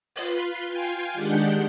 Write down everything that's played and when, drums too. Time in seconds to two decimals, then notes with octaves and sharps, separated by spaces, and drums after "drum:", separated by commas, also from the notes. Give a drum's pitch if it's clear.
0.16 F4 B4 C6, drum: open hi-hat
0.68 F4 F5 G5 G#5
1.14 D#3 G#3 D4 G4 F#5 G6